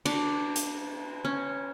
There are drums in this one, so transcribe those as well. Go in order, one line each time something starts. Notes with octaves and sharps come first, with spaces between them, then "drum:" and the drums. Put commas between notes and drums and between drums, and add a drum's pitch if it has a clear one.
D4, drum: cymbal
drum: hi-hat
C#4